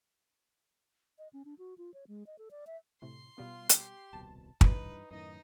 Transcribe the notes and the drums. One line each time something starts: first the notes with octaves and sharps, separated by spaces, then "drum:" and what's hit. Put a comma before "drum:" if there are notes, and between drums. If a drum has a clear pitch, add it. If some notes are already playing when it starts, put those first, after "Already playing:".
D#5
C#4
D4
F#4
F4
C#5
G#3
D#5
A4
D5
E5
A2 C3 C6
B2 G3 B3 F4
G4, drum: hi-hat
D#1 C2 B2 A5
G2 E3 D#4 B4, drum: kick
F#2 A2 D#3 D#4 D#5